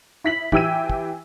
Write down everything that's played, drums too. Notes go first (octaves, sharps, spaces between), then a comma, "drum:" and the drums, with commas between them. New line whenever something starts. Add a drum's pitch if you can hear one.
E4 B6 F#7
E3 G4 G5 E6 G#6 D#7, drum: kick
drum: kick